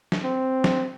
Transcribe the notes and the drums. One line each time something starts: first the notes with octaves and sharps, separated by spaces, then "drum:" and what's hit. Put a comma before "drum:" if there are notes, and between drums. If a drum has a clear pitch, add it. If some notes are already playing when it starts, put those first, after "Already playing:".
drum: snare
C4
drum: snare